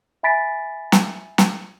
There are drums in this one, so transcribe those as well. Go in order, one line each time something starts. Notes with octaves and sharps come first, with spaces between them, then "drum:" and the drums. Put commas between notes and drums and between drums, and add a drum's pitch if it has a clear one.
E5 G#5 B5 A6 B6 D7
drum: snare
drum: snare